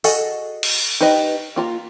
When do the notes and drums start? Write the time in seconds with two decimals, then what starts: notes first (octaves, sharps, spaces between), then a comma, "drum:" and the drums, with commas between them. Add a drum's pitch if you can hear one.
0.04 F#4 G#4 A4 D#5 F#5, drum: open hi-hat
0.63 drum: cymbal
1.01 D#4 G4 B4 D#5
1.56 A#3 F4 A#5